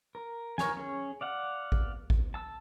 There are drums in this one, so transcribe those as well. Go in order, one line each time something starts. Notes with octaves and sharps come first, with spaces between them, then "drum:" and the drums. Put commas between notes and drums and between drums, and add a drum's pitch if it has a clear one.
A#4
A#4 C#5 G#5, drum: snare
C#4 G#4
D5 F5 F#5
drum: kick G#1
drum: kick G#1
A5 E6